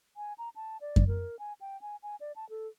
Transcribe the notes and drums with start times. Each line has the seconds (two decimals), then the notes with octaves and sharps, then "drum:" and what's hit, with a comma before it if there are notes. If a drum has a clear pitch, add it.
0.17 G#5
0.38 A#5
0.56 A5
0.81 D5
0.96 drum: kick F#2
1.08 A#4
1.39 G#5
1.61 G5
1.81 G#5
2.03 G#5
2.21 D5
2.36 A5
2.50 A4